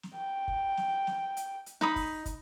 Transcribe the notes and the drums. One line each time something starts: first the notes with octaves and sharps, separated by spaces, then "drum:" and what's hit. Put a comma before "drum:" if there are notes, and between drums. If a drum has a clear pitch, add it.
drum: snare
G5
drum: kick
drum: snare
drum: snare
drum: hi-hat
drum: hi-hat
D#4 B5 D#6, drum: snare
drum: kick, open hi-hat
drum: kick, hi-hat